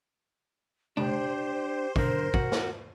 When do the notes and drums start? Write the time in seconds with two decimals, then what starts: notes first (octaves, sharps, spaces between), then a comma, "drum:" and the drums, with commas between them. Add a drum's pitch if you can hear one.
0.97 D4 G4 C5, drum: tom C#3
1.96 B1 D3 A#4, drum: kick
2.34 F#4, drum: kick
2.52 drum: snare